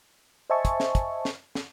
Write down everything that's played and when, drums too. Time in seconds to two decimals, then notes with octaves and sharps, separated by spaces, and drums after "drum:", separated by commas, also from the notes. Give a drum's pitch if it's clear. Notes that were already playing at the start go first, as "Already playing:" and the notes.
0.50 C5 D#5 E5 G#5 A5 C#6
0.65 drum: kick, hi-hat
0.80 drum: snare
0.95 drum: kick, hi-hat
1.25 drum: snare
1.55 drum: snare